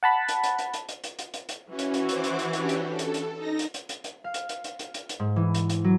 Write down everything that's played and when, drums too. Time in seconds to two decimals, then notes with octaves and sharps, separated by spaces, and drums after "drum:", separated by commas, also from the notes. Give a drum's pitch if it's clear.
0.03 F#5 A5 B5
0.28 drum: hi-hat
0.43 drum: hi-hat
0.59 drum: hi-hat
0.74 drum: hi-hat
0.89 drum: hi-hat
1.04 drum: hi-hat
1.19 drum: hi-hat
1.34 drum: hi-hat
1.49 drum: hi-hat
1.70 E3 C#4 F#4
1.79 drum: hi-hat
1.94 drum: hi-hat
2.09 C5 D6, drum: hi-hat
2.24 drum: hi-hat
2.39 drum: hi-hat
2.53 C#4 D4 G4, drum: hi-hat
2.69 drum: hi-hat
2.87 A4
2.99 drum: hi-hat
3.14 drum: hi-hat
3.35 D#4 A#6
3.59 drum: hi-hat
3.74 drum: hi-hat
3.89 drum: hi-hat
4.04 drum: hi-hat
4.24 F5
4.34 drum: hi-hat
4.49 drum: hi-hat
4.64 drum: hi-hat
4.79 drum: hi-hat
4.94 drum: hi-hat
5.09 drum: hi-hat
5.20 G#2
5.36 E3
5.55 drum: hi-hat
5.70 drum: hi-hat
5.84 F#3